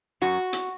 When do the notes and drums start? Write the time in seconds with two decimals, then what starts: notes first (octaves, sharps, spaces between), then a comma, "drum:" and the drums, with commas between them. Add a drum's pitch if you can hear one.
0.21 F#2 F#4
0.53 drum: hi-hat